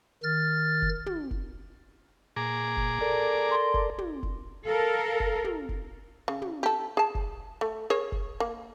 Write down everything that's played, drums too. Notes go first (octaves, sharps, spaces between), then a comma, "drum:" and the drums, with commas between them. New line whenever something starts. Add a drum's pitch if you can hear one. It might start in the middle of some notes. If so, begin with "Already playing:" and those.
D#3 F6 A6
drum: kick F1
drum: tom
drum: kick F1
A#2 G#4 A#5 D6
drum: kick F1
A4 A#4 D5
C6
drum: kick F1
drum: tom
drum: kick F1
A4 A#4 F5
drum: kick F1
drum: tom
drum: kick F1
C#3
drum: tom
G4 A4
G#4 A5
drum: kick F1
A3
G#4 A#4 C#5
drum: kick F1
A#3